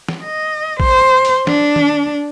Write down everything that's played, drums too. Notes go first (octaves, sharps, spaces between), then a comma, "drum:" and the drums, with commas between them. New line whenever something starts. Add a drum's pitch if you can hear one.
drum: snare
D#5
C5, drum: kick
drum: open hi-hat
D4, drum: snare
drum: tom D#3